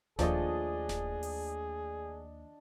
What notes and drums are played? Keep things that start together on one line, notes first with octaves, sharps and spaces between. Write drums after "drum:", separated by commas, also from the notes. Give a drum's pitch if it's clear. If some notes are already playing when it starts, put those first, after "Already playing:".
D#2 F3 A3 D4 G#4 D#5, drum: snare D#1
drum: snare D#1
drum: open hi-hat